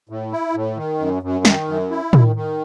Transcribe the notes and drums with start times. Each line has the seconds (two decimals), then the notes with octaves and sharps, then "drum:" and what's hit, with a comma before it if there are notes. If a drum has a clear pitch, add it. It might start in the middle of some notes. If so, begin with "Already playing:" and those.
0.09 A2
0.32 E4
0.54 A2
0.77 D#3
1.00 F#2
1.22 F#2
1.45 D#3, drum: snare
1.68 F#2
1.90 E4
2.13 D#3, drum: tom
2.36 D#3